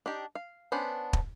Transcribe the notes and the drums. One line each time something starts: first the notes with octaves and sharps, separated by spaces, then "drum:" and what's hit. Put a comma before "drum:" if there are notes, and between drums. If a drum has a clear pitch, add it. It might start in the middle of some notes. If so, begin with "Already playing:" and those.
D4 D#4 G4
F5
B3 C#4 D4 C5 B5
drum: kick